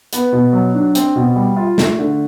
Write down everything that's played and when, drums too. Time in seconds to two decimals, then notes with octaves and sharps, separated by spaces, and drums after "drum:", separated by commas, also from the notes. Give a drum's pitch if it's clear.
0.13 B3, drum: hi-hat
0.33 B2
0.53 F#3
0.74 D4
0.95 C4, drum: hi-hat
1.16 B2
1.36 G3
1.56 F4
1.78 A3, drum: snare
1.99 D3